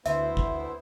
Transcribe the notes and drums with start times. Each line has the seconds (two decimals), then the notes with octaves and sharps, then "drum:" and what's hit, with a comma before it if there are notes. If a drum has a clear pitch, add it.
0.06 D2 B3 E4 C5 E5, drum: hi-hat
0.37 drum: kick